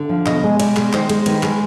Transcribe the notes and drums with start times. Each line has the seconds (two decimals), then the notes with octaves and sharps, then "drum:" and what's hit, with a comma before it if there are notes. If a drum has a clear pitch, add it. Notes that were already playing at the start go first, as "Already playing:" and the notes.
Already playing: D3
0.09 F3
0.26 B2 D#5, drum: clap
0.43 G#3
0.60 B2 D5, drum: cymbal
0.76 G#3, drum: clap
0.93 D#3 C5, drum: clap
1.09 G#3, drum: cymbal
1.26 D#3 B4, drum: cymbal
1.43 G#3, drum: clap